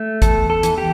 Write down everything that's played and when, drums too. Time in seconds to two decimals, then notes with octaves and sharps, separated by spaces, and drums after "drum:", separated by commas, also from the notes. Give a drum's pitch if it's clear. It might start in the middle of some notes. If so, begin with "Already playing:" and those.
Already playing: A3
0.22 E2 A4, drum: kick, hi-hat
0.50 A4
0.63 E3, drum: hi-hat
0.78 G4